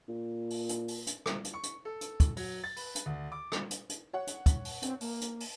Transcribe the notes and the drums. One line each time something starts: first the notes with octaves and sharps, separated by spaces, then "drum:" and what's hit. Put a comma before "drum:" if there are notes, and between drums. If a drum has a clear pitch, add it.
A#2
drum: open hi-hat
drum: hi-hat
drum: open hi-hat
drum: hi-hat
drum: rim click
drum: hi-hat
C#6
drum: hi-hat
A4
drum: hi-hat
drum: kick, hi-hat
F#3, drum: open hi-hat
A6
B4, drum: open hi-hat
drum: hi-hat
D2
D6
drum: rim click
drum: hi-hat
drum: hi-hat
C#5 F#5
drum: hi-hat
drum: kick, hi-hat
drum: open hi-hat
C4, drum: hi-hat
A#3, drum: open hi-hat
drum: hi-hat
drum: open hi-hat